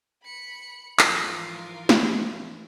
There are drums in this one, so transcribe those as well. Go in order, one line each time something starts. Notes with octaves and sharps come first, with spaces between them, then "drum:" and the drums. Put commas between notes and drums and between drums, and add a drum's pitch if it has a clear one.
B5 C#7
G#2 E3 F3 F4 A#4, drum: clap
drum: snare